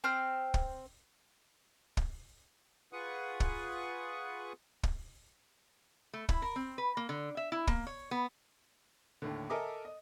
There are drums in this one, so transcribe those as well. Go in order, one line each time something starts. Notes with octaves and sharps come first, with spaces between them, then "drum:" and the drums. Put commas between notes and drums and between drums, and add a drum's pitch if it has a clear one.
C4 C5 G5 F6
drum: kick
drum: kick
F4 G#4 B4 F#5 C#6 D#6
drum: kick
drum: kick
A3
E4, drum: kick
A#4
C4
B4
A#3
D3
E5
E4
A#3, drum: kick
C#5
B3
D#2 A2 D3
A4 A#4 D#5 E5 G#5 D6
D#5